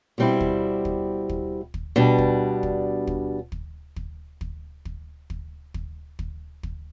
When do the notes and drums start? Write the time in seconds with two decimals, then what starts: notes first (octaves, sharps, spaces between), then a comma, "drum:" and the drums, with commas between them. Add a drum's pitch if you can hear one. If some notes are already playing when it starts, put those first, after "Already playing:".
0.18 B2 G3 C4 E4
0.40 drum: kick
0.85 drum: kick
1.29 drum: kick
1.74 drum: kick
1.96 B2 G3 D4
2.18 drum: kick
2.63 drum: kick
3.07 drum: kick
3.52 drum: kick
3.96 drum: kick
4.41 drum: kick
4.85 drum: kick
5.30 drum: kick
5.74 drum: kick
6.19 drum: kick
6.63 drum: kick